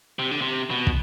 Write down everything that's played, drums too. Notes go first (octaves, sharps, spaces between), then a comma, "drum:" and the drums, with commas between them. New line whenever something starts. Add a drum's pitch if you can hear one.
C3
D3
C3
B2
drum: kick